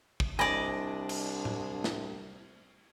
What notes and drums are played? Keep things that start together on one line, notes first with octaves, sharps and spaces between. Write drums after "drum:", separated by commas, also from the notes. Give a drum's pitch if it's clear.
drum: kick
C2 D4 D5 D#5 G#5 B5
drum: cymbal
drum: tom A2
drum: snare